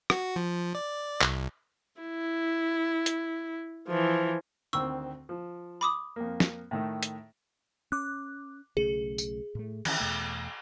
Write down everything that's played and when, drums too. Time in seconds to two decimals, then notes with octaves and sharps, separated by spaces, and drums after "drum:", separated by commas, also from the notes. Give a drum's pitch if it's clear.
0.10 F#4, drum: rim click
0.36 F3
0.75 D5
1.21 C2, drum: clap
2.01 E4
3.06 drum: hi-hat
3.88 E3 F3
4.73 D2 D#3 C4 C#6 E6
5.29 F3
5.81 B5 D6 D#6
6.16 F2 A#3
6.40 drum: snare
6.71 A2 D#3 A3
7.03 drum: hi-hat
7.92 C#4 D6 F#6
8.77 B1 C#3 A3 G#4
9.18 drum: tambourine
9.55 A2 A3
9.85 D#3 E3 C#4, drum: cymbal
10.00 E2 B2 A3